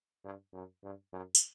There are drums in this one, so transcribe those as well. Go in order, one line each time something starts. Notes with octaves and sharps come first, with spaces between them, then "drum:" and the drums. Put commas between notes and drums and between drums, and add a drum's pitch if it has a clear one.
G2
F#2
G2
F#2
drum: tambourine